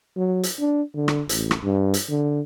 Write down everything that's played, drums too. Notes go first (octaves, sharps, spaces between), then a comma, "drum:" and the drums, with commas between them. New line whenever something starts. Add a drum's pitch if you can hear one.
F#3
drum: hi-hat
D4
D3
drum: rim click
A1, drum: hi-hat
drum: rim click
G2
drum: hi-hat
D3